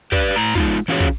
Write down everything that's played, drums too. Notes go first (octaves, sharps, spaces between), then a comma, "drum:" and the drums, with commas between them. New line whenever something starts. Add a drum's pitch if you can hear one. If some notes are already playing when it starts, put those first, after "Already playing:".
G4 B4 D5, drum: kick, hi-hat
A2 A#5
G#3 D#4 F4, drum: kick, hi-hat
drum: open hi-hat
E3 C#4 F4 F#4 G#4 C#5
drum: kick, hi-hat